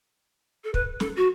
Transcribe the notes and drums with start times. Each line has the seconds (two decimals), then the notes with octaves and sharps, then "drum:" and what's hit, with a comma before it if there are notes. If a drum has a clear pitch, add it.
0.64 A4
0.74 B4, drum: kick
1.00 A4, drum: snare
1.16 F#4